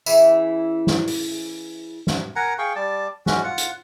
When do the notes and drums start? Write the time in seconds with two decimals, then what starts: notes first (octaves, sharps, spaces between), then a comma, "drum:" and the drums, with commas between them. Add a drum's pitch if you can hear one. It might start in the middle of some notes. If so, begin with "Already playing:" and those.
0.06 C#3 E3 E4, drum: tambourine
0.87 drum: snare
1.08 drum: open hi-hat
2.07 drum: snare
2.36 A#4 F#5 G#5 A#5
2.58 G#4 F5 G5 C#6
2.76 G3 D5 A5
3.26 G#3 C#4 F#4, drum: snare
3.44 F4 F#5
3.58 drum: hi-hat